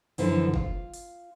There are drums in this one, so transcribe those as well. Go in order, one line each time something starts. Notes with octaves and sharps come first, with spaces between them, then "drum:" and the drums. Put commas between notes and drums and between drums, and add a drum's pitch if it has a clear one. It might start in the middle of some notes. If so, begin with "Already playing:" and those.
F#2 D3 E3 F3, drum: open hi-hat
F4, drum: kick
drum: open hi-hat